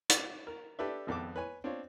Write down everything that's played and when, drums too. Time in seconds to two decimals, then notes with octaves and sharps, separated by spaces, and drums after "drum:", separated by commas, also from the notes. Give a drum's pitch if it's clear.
0.10 D5, drum: hi-hat
0.47 A#4
0.79 D4 G4 A4 B4 D5 E5
1.07 G#1 F2 B3 A5 D6
1.36 B4 C#5 G#5 B5
1.64 C4 D4 F4 C#5